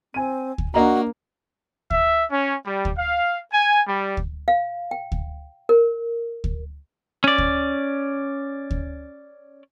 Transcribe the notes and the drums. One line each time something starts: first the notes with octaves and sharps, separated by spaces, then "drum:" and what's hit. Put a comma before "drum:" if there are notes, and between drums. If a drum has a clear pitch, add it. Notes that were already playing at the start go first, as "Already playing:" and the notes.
C4 G#5 D#7
drum: kick D2
A#3 D4 F#4 D#5 A#5
E5, drum: kick D2
C#4
G3
drum: kick D2
F5
G#5
G3
drum: kick D2
F5
G5
drum: kick D2
A#4
drum: kick D2
C#4 D5
drum: kick D2
drum: kick D2